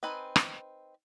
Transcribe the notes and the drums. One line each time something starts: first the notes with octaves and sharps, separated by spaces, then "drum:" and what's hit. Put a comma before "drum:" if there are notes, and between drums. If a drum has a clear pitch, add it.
C4 D#4 B4 G#5
drum: rim click